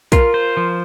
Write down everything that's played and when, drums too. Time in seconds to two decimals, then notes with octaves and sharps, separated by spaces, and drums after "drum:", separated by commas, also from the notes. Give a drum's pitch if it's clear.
0.12 F4 A#4, drum: kick, hi-hat
0.34 C5
0.57 F3